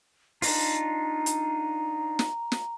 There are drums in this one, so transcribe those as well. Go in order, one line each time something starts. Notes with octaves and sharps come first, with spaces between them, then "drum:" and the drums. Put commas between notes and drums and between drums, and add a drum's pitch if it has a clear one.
D4 D#4 F4 A#5, drum: open hi-hat
drum: hi-hat
drum: snare
drum: snare